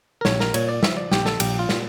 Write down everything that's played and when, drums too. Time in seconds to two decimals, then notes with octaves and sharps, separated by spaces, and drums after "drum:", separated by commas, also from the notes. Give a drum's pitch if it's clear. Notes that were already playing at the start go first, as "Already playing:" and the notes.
0.21 A#4
0.25 A#1 C#5, drum: snare
0.40 A#4, drum: snare
0.54 A#2 C#5, drum: cymbal
0.69 D5
0.83 F3 E5, drum: snare
0.97 D5
1.11 A#1 G4, drum: snare
1.26 A4, drum: snare
1.40 A#1 G4, drum: cymbal
1.59 F4
1.69 A#2, drum: snare